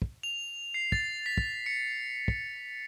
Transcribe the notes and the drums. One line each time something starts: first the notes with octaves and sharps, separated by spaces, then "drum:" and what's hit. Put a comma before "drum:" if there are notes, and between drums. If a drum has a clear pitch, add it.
drum: kick
F7
C7
A6, drum: kick
B6
drum: kick
C#7
drum: kick